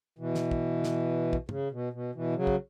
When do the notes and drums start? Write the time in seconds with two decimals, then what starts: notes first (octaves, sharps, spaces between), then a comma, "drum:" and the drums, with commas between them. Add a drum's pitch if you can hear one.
0.19 B2 E3
0.35 drum: snare
0.51 drum: kick
0.84 drum: snare
1.33 drum: kick
1.49 C#3, drum: tom
1.71 B2
1.93 B2
2.15 B2 E3
2.36 C#3 F#3
2.47 drum: kick